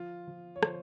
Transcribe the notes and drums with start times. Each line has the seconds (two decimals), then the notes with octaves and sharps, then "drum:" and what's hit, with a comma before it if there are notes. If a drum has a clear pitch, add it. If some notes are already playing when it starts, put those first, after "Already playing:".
Already playing: F3 F4
0.27 F3
0.56 C#5
0.63 F3 C5, drum: rim click